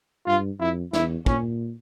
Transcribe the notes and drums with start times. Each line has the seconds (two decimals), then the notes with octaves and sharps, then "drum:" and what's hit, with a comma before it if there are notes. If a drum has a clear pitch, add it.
0.26 G2 F4
0.60 F2 E4
0.93 E2 E4, drum: snare
1.26 A#2 C#4, drum: kick